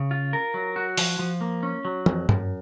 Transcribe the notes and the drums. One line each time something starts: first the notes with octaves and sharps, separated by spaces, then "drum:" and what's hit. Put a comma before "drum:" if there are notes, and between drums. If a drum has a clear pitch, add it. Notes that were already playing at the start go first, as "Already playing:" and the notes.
Already playing: C#3
F4
A#4
F#3
F#4
F3, drum: open hi-hat
F3
A#3
C#4
F#3
F2, drum: tom
F#2, drum: tom G2